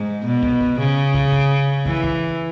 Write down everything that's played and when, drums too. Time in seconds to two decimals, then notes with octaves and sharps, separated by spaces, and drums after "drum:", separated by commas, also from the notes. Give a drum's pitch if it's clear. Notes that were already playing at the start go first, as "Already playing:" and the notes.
Already playing: G#2
0.25 B2
0.43 drum: kick
0.61 drum: kick
0.79 C#3
1.14 drum: kick
1.32 drum: kick
1.86 E3, drum: kick
2.04 drum: kick